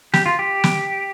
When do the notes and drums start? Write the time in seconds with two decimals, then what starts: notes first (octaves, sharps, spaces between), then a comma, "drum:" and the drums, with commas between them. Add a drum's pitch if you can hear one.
0.14 G4, drum: snare
0.26 F4
0.39 G4
0.64 drum: snare